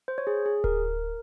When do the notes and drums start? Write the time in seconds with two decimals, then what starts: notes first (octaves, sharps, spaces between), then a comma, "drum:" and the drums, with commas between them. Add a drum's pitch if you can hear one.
0.08 C5
0.18 C#5
0.27 G#4
0.46 G#4
0.64 A#4, drum: kick D1